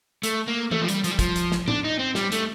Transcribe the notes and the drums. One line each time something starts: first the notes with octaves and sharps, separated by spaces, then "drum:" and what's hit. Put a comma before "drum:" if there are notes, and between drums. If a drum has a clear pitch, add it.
A3, drum: hi-hat
A#3
A3, drum: tom E3
F3
G3, drum: hi-hat
F3, drum: hi-hat
G3
F3, drum: kick, hi-hat
drum: hi-hat
drum: snare
D4, drum: tom A2
D#4
C4
G3, drum: snare
A3, drum: hi-hat